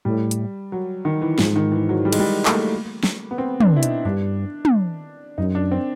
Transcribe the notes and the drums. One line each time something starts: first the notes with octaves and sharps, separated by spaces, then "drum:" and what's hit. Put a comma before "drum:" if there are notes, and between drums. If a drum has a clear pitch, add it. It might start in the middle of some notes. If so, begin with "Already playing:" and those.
A2 G3
drum: hi-hat
F#3
D#3
E3
G#2 F3, drum: snare
D#3
E3
F#3
G3
G#3, drum: cymbal
G3
A3, drum: clap
A#3
drum: snare
B3
C4
D4, drum: tom
E4
D#4, drum: hi-hat
G2 D4
drum: tom
F#2 D#4
D4
C4